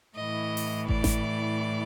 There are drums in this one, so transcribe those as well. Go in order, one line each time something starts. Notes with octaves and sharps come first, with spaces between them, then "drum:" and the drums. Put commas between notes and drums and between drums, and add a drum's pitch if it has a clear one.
A2 E3 D#5
drum: open hi-hat
D5, drum: kick G#1
drum: snare G#1